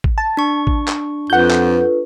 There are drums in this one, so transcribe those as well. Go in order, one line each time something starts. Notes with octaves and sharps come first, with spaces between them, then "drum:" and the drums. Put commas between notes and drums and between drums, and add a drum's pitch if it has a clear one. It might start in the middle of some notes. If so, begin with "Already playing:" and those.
drum: kick A1
A5
D4 C#6
drum: kick A1
drum: clap
F2 F4 A4 B4 F#5 G6
drum: clap